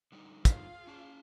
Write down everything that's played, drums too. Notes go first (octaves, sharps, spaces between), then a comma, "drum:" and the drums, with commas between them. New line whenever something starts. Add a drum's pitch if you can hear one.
D3 G3 D#4
F4 G#4 F5, drum: kick, hi-hat
C#4 A5